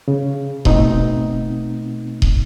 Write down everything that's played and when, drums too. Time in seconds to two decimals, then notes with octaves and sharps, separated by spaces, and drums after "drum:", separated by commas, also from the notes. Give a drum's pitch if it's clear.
0.08 C#3
0.65 B2 A3 B3 C4 D#4, drum: kick D#1
2.22 drum: kick D#1